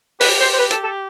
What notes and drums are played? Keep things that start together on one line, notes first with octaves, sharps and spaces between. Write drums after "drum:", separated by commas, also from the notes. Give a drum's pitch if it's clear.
G4 B4, drum: open hi-hat
C5
C5
B4
A4, drum: hi-hat
A4